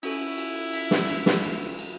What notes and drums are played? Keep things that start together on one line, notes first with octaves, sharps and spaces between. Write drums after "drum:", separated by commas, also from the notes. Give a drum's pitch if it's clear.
C#4 E4 F#4 A4, drum: cymbal
drum: cymbal
drum: cymbal
drum: snare
drum: cymbal
drum: snare
drum: cymbal
drum: cymbal